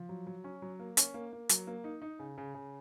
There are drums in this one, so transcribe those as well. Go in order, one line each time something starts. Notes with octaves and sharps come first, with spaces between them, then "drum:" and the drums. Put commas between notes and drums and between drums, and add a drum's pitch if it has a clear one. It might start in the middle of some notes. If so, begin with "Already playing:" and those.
Already playing: F3
F#3
F#3
C#4
F#3
A#3
C#4, drum: hi-hat
A#3
A#3
F#3, drum: hi-hat
A#3
D#4
D#4
C#3
C#3
C#3